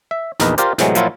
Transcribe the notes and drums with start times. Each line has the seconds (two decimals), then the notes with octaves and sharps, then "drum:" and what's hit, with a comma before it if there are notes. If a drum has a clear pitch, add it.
0.11 E5
0.40 A#1 E2 D#4 A#4 B4, drum: snare
0.58 F4 G4 A#4 C5 D5, drum: hi-hat
0.78 A2 C3 E3 F#3 G#3, drum: snare
0.95 A#2 F3 F#3 E4 F4, drum: hi-hat